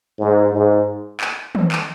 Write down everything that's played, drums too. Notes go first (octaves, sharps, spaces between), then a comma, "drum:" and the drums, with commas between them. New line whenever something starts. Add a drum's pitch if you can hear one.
G#2
G#2
drum: clap
drum: tom
drum: clap